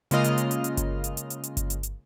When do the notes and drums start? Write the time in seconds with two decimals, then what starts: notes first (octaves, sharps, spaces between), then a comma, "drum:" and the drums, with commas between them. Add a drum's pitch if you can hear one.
0.11 C#3 G#3 A#3 F4 D#5 F6, drum: hi-hat
0.24 drum: hi-hat
0.38 drum: hi-hat
0.51 drum: hi-hat
0.64 drum: hi-hat
0.77 drum: kick G1, hi-hat
1.04 drum: hi-hat
1.17 drum: hi-hat
1.30 drum: hi-hat
1.43 drum: hi-hat
1.57 drum: kick G1, hi-hat
1.70 drum: hi-hat
1.83 drum: hi-hat